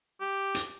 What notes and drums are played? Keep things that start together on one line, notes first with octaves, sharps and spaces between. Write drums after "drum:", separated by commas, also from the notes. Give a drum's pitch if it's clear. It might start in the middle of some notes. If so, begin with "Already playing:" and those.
G4
drum: hi-hat